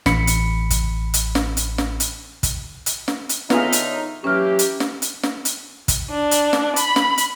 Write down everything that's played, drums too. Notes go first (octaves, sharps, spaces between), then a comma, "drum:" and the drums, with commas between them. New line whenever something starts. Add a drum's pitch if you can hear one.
A1 B5 C#7, drum: snare
drum: hi-hat
drum: kick, hi-hat
drum: hi-hat
drum: snare
drum: hi-hat
drum: snare
drum: hi-hat
drum: kick, hi-hat
drum: hi-hat
drum: snare
drum: hi-hat
D3 B3 D#4 F4 G#4 C#5 E5 F6, drum: snare
drum: hi-hat
E3 F#3 A#3 C#4 G4 F6
drum: hi-hat
drum: snare
drum: hi-hat
drum: snare
drum: hi-hat
drum: kick, hi-hat
D4
drum: hi-hat
drum: snare
B5, drum: hi-hat
drum: snare
drum: hi-hat